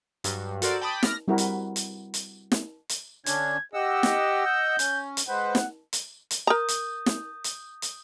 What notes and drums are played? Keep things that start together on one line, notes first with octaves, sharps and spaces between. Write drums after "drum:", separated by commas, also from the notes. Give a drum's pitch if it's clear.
G2 F#3, drum: hi-hat
F#4 A4 A#4 C5 D5, drum: hi-hat
G5 A5 B5 D6 D#6
F6 A#6, drum: snare
G3 C4 E4 F#4 A#4
drum: hi-hat
drum: hi-hat
drum: hi-hat
drum: snare
drum: hi-hat
D3 C#4 D4 G#6, drum: hi-hat
G4 D#5 F#5 E6
drum: snare
G6
C#4, drum: hi-hat
drum: hi-hat
G#3 B4 C5 F#5
drum: snare
drum: hi-hat
drum: hi-hat
A#4 A#5 D#6 G6
drum: hi-hat
drum: snare
drum: hi-hat
drum: hi-hat